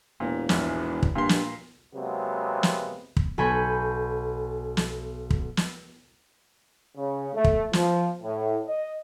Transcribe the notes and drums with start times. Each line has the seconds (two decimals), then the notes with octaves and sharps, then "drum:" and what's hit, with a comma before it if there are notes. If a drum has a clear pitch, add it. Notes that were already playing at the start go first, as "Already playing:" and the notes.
0.20 E1 A#2
0.49 A#1 E2 G#2, drum: snare
1.03 drum: kick
1.15 G2 A#2 C6
1.29 drum: snare
1.95 C3 F#3 G#3 A#3 B3
2.63 drum: snare
3.17 drum: kick
3.38 B1 A4 G#5 B5 C#6 G6
4.77 drum: snare
5.30 drum: kick
5.57 drum: snare
6.97 C#3
7.34 A3
7.44 drum: kick
7.73 F3, drum: snare
8.22 A2
8.66 D#5